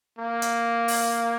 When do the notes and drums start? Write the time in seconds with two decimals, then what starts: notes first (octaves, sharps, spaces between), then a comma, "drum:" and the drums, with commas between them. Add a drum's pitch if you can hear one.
0.19 A#3
0.42 drum: hi-hat
0.88 drum: open hi-hat